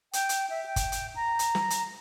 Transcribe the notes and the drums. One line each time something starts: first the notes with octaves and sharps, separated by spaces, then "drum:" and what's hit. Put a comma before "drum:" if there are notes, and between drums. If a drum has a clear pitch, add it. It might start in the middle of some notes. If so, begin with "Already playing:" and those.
G5, drum: hi-hat
drum: hi-hat
E5
G5
drum: kick, hi-hat
drum: hi-hat
A#5
drum: hi-hat
drum: snare
drum: hi-hat